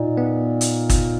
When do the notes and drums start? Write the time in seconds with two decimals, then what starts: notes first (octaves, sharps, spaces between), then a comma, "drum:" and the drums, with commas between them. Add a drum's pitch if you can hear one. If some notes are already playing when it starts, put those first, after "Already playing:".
Already playing: A#2 D#4
0.17 B3
0.61 drum: hi-hat
0.90 drum: kick, hi-hat